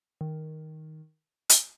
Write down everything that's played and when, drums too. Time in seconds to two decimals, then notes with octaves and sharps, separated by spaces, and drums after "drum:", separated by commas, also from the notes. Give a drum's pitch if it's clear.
0.21 D#3
1.49 drum: hi-hat